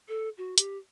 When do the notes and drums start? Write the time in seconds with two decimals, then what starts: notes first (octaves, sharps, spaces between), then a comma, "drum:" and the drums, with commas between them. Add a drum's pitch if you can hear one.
0.09 A4
0.38 F#4
0.58 G4, drum: hi-hat